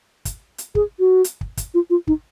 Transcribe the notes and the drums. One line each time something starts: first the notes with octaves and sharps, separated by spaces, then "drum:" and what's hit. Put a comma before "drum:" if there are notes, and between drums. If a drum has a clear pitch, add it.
drum: kick, hi-hat
drum: hi-hat
G#4, drum: kick
F#4
drum: hi-hat
drum: kick
drum: kick, hi-hat
F4
F4
D#4, drum: kick